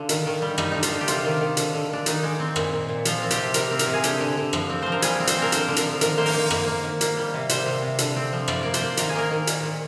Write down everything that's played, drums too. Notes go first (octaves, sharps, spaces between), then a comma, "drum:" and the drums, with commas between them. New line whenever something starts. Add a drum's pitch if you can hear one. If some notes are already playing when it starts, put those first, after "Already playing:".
Already playing: D3 F4
D#3, drum: hi-hat
D#3
G3
G3 D#4, drum: rim click
D3 D#4
F4, drum: hi-hat
D3
G4
C3 F4, drum: hi-hat
D#3
D#3
D3, drum: hi-hat
D3
D3 D4
D#3 D#4, drum: hi-hat
G#3
C4
A#2, drum: rim click
A#2
A#2
F3 F4, drum: hi-hat
C4
G4, drum: hi-hat
C3
C3 A#4, drum: hi-hat
C4
A#4, drum: hi-hat
C3
G#4
D3 G4, drum: hi-hat
D3
D3
F3, drum: rim click
C4
F3 C5
A#4
G3 G#4, drum: hi-hat
C4
C5, drum: hi-hat
C4
A#4
D3 C5, drum: hi-hat
D3
A#4, drum: hi-hat
F3
D#3 A#4, drum: hi-hat
A#3 C5
A#4, drum: open hi-hat
A#3
A#3, drum: rim click
A#3
D#3
A#3, drum: hi-hat
G3
C3
C3 C5, drum: hi-hat
C3
C3
D3, drum: hi-hat
C4
F3
C3 D5, drum: rim click
A#3 D5
C5, drum: hi-hat
A#3
D#3 A#4, drum: hi-hat
G#4
A#3 A#4
D#3
A#2, drum: hi-hat
A#2